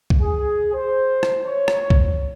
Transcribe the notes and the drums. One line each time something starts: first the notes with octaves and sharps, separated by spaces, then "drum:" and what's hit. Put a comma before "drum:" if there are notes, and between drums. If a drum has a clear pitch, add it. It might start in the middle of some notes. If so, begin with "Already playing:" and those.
drum: kick B1
G#4
C5
drum: rim click
C#5
drum: rim click
drum: kick B1